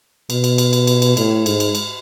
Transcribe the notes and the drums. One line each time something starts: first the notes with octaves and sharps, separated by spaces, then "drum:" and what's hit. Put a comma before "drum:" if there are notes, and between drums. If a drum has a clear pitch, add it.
B2, drum: cymbal
drum: cymbal
drum: cymbal
drum: cymbal
drum: cymbal
drum: cymbal
A2, drum: cymbal
G#2, drum: cymbal
drum: cymbal
drum: cymbal